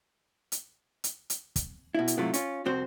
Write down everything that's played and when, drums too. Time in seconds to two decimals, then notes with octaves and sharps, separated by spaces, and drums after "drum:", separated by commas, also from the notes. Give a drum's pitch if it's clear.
0.52 drum: hi-hat
1.04 drum: hi-hat
1.30 drum: hi-hat
1.56 drum: kick, hi-hat
1.95 B2 E4
2.08 drum: hi-hat
2.17 G#2 C3 F#3 A3 E4 F4
2.34 C#4 F4, drum: hi-hat
2.65 C2 F2 C4 F#4 C5